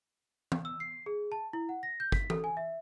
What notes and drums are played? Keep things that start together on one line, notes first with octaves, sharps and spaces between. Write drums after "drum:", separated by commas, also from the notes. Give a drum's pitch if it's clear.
drum: tom
E6
C7
G#4
A5
E4
F#5
A#6
G6
B6, drum: kick
A4, drum: tom E3
G#5
E5